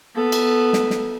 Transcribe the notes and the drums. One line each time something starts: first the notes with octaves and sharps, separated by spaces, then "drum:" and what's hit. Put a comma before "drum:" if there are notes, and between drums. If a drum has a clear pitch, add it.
B3 A4
drum: cymbal
drum: snare
drum: snare